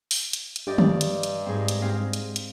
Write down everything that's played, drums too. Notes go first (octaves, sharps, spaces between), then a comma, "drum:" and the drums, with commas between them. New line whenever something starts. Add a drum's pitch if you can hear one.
drum: open hi-hat
drum: hi-hat
drum: hi-hat
G2 G4 D5 D#5
drum: tom D3
drum: hi-hat
drum: hi-hat
G#2 C4 G#4
drum: hi-hat
C4 G#4 F5
drum: hi-hat
drum: hi-hat